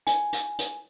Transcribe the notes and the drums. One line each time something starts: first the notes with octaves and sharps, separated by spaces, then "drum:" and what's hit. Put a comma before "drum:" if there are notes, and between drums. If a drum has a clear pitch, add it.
G#5, drum: hi-hat
drum: hi-hat
drum: hi-hat